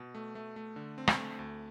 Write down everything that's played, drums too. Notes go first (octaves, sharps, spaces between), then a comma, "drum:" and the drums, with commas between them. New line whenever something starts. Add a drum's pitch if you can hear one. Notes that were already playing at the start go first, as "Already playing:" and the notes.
Already playing: B2
A3
A3
A3
D3
C4
drum: rim click
A3
D2